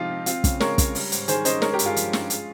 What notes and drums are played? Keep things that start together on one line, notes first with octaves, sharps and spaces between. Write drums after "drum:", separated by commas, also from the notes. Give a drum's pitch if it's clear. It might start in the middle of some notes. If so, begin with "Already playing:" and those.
Already playing: C3 F3 G#3 D#4 F4 G4
C4
C4 F4, drum: hi-hat
C#3, drum: kick, hi-hat
G#3 A#4 C#5, drum: snare
C#3, drum: kick, hi-hat
G3, drum: open hi-hat
G#2, drum: hi-hat
D#3 G#4 C5, drum: hi-hat
C#4 C5 D#5, drum: hi-hat
G#3 A#4 C#5, drum: snare
G4 A#4
G2, drum: hi-hat
F4 G#4
F3, drum: hi-hat
C#4, drum: snare
G#3, drum: hi-hat